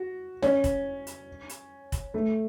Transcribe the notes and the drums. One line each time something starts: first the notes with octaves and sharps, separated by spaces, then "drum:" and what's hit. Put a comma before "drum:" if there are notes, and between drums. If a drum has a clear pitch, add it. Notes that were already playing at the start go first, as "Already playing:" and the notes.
Already playing: F#4
C#4, drum: snare
drum: kick, hi-hat
drum: hi-hat
drum: hi-hat
drum: kick, hi-hat
A3